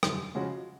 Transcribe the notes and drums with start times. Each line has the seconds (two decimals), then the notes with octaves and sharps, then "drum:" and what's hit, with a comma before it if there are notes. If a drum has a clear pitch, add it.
0.03 F#2 D3 G3, drum: rim click
0.35 C#3 F3 G#3 C#4 F#4